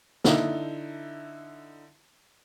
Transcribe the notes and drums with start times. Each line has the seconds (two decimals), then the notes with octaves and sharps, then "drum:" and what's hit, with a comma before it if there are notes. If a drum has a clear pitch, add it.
0.24 D3 D#4 E4, drum: snare